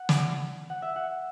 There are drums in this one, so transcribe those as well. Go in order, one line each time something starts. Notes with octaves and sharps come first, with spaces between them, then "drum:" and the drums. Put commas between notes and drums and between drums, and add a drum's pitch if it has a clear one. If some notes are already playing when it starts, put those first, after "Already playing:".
Already playing: F#5
D5, drum: snare
F#5
E5
F#5